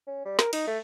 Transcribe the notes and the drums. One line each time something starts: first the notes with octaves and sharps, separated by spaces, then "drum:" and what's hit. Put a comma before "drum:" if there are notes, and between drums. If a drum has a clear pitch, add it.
C#4
G3
A#4, drum: snare
D#4, drum: cymbal
A3